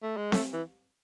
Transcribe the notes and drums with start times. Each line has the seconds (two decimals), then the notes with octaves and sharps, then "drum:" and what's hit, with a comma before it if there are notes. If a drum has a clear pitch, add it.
0.03 A3
0.17 G#3
0.32 A3, drum: snare C4
0.53 E3